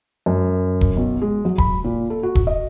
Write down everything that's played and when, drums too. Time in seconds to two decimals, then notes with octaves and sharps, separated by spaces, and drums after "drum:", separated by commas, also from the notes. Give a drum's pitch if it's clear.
0.26 F#2
0.81 drum: kick
0.97 B1
1.22 G#3
1.45 F#3
1.58 B5, drum: kick
1.84 A#2
2.10 A4
2.23 F#4
2.35 drum: kick
2.47 D#5